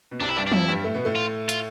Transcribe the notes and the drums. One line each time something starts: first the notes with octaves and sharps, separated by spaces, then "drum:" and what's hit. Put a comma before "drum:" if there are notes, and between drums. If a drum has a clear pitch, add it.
B2
C2 C3 D4
E4
G2 G3 D4
D4
F2 F3 E4, drum: tom E3
G2 G3
A2 A3
B2 B3
A2 A3
F4
F4, drum: hi-hat